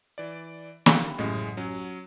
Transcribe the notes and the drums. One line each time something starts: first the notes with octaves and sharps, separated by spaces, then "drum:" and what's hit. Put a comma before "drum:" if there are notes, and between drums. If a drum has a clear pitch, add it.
E3 D5
D3 D#3 D4 F5 G5 B5, drum: snare
A1 F#2 A2 C#3 G#3 D#5
F#3 C#4